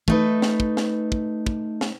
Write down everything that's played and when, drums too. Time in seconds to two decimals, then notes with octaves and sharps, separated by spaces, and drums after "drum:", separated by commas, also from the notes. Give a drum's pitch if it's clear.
0.08 A3 D#4 B4, drum: kick
0.42 drum: snare
0.60 drum: kick
0.77 drum: snare
1.12 drum: kick
1.46 drum: kick
1.81 drum: snare